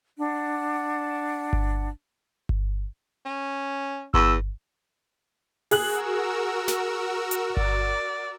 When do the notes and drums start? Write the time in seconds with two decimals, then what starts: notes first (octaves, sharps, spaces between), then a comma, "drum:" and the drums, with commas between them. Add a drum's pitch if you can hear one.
0.18 D4 F#5
1.53 drum: kick G1
2.49 drum: kick G1
3.25 C#4
4.14 E2 E6, drum: kick G1
5.71 F#4 G#4 A#4 E6 F#6 F#7, drum: open hi-hat
6.68 drum: snare
7.31 drum: hi-hat
7.57 D5, drum: kick G1